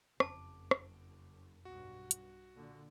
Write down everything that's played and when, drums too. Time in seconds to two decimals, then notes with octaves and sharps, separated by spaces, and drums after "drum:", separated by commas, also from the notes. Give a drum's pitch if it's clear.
0.20 F#1 F2 A5 D6, drum: rim click
0.71 drum: rim click
1.65 B1 G2 F#4
2.11 drum: hi-hat
2.55 A#2 D3